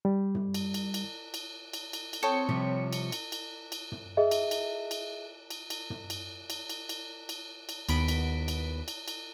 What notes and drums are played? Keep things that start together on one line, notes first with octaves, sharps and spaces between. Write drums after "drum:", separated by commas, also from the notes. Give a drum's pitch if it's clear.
G3
drum: tom
drum: cymbal
drum: cymbal
drum: cymbal
drum: cymbal
drum: cymbal
drum: cymbal
drum: cymbal
C4 A4 C#5 G5 D#6 C#7
C3 F3 G3
drum: cymbal
drum: cymbal
drum: cymbal
drum: cymbal
drum: tom
G#4 D#5 E5
drum: cymbal
drum: cymbal
drum: cymbal
drum: cymbal
drum: cymbal
drum: tom
drum: cymbal
drum: cymbal
drum: cymbal
drum: cymbal
drum: cymbal
drum: cymbal
D#2 B3 B5 B6 D7, drum: cymbal
drum: cymbal
drum: cymbal
drum: cymbal
drum: cymbal